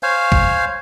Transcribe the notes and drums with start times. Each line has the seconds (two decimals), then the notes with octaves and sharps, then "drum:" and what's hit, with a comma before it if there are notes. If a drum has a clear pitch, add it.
0.03 C5 C#5 F5 G#5
0.32 drum: kick